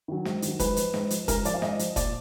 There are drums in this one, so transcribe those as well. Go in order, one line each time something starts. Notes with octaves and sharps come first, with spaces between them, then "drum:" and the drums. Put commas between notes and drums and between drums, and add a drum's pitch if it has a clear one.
D#3 F#3
G#2, drum: snare
D#3 F#3, drum: hi-hat
G#2 B4, drum: kick, hi-hat
F3, drum: hi-hat
G#2, drum: snare
F3, drum: hi-hat
G#2 A#4, drum: kick, hi-hat
F3 D5, drum: hi-hat
F5
G#2 D#5, drum: snare
F3, drum: hi-hat
A#2 D5, drum: kick, hi-hat